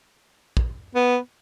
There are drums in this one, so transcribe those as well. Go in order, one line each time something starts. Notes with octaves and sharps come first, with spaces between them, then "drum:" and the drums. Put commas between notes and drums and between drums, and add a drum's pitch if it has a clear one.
drum: kick
B3